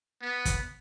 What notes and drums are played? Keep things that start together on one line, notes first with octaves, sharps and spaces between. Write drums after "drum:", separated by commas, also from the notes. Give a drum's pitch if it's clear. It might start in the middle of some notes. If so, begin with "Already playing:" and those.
B3
drum: kick, hi-hat